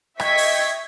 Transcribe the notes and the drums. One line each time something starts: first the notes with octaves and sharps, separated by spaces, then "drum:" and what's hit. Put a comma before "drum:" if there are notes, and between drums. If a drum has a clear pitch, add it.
D#5 E5 G5 C#6 G#6 B6, drum: rim click
drum: open hi-hat